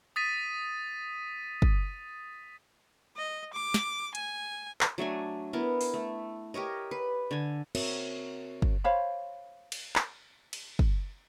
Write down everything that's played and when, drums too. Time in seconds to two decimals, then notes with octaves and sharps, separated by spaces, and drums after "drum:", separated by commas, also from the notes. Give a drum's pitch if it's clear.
0.16 D#6 A6 B6 D#7
1.62 drum: kick
3.16 D#5
3.54 D6
3.74 drum: snare
4.15 G#5, drum: hi-hat
4.81 drum: clap
4.98 F#3 A3 D4 G#5
5.53 B3 E4 A#4
5.81 drum: open hi-hat
5.94 A3
6.54 G4 A#4 C#5 D#5
6.91 B4
7.31 D3 G#5
7.75 C4 F#4 A#4 C#5 E5, drum: cymbal
8.62 drum: kick
8.84 C5 C#5 F5 B5
9.72 drum: cymbal
9.96 drum: clap
10.53 drum: cymbal
10.79 drum: kick